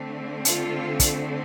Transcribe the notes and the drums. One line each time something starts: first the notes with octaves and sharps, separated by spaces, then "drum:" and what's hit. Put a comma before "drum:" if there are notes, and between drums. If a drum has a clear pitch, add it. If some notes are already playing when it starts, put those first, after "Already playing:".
Already playing: D3 A3 C4
F4 A4, drum: hi-hat
drum: kick, hi-hat